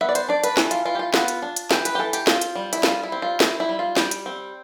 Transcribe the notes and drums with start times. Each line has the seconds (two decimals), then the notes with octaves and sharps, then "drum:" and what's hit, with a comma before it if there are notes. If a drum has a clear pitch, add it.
0.01 B3 E5
0.09 D5
0.15 C5, drum: hi-hat
0.28 D4 D5
0.44 B4, drum: hi-hat
0.57 E3 A4, drum: snare
0.71 F4, drum: hi-hat
0.85 E3 F4
0.95 G4
0.99 F4
1.14 B3 F4, drum: snare
1.28 drum: hi-hat
1.42 D4
1.56 drum: hi-hat
1.71 E3 G4, drum: snare
1.85 B4, drum: hi-hat
1.95 G4
1.99 E3 A4
2.13 G4, drum: hi-hat
2.27 C4 F4, drum: snare
2.41 drum: hi-hat
2.55 G3
2.73 E4, drum: hi-hat
2.83 G3 F4, drum: snare
3.03 E4
3.12 C4
3.22 F4
3.40 C4 E4, drum: snare
3.60 E4
3.69 G3
3.79 F4
3.97 G3 G4, drum: snare
4.11 drum: hi-hat
4.26 C4